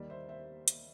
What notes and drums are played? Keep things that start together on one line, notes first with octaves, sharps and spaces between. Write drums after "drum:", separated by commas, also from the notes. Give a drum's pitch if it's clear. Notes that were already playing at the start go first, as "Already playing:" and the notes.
Already playing: D#2 D#3 G3
C5 E5
C5 E5
drum: hi-hat